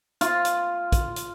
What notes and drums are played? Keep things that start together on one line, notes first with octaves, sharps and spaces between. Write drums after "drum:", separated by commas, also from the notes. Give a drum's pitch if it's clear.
F4, drum: hi-hat
drum: hi-hat
drum: kick, hi-hat
drum: hi-hat